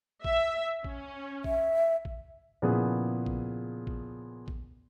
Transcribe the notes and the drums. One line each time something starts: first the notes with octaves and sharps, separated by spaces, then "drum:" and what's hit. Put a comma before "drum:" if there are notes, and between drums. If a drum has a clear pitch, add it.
E5, drum: kick A#1
C#4, drum: kick A#1
E5, drum: kick A#1
drum: kick A#1
A#2 C#3 F3 B3 E4 G#4
drum: kick A#1
drum: kick A#1
drum: kick A#1